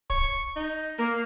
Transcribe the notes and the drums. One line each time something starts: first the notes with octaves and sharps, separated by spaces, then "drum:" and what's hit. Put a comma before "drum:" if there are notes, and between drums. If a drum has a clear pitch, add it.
C#6, drum: kick
D#4
A#3 A#4